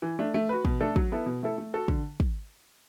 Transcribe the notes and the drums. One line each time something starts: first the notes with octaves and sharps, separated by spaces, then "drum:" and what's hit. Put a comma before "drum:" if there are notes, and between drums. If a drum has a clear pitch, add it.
E3
A3 D4
A3
F#4 B4
B2, drum: kick
A3 D4 A4
F#3, drum: kick
B3 E4 A4
B2
A3 E4 A4
A3
F#4 A4
D3, drum: kick
drum: kick